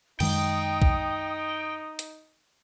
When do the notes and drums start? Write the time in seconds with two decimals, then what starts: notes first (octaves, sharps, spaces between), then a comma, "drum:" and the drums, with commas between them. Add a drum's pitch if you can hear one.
0.20 F#2 D#3 G#3 D#4 G5 D#6, drum: cymbal
0.82 drum: kick
1.99 drum: hi-hat